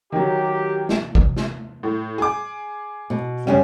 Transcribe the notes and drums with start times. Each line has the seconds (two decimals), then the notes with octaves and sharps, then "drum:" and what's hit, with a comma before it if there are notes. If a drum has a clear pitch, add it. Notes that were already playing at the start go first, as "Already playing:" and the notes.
0.12 D#3 F#3 G4
0.89 drum: snare
1.15 drum: kick G#1
1.37 drum: snare
1.83 A2
2.18 G#4 D6
3.10 B2
3.47 F#2 C#3 G3 C#4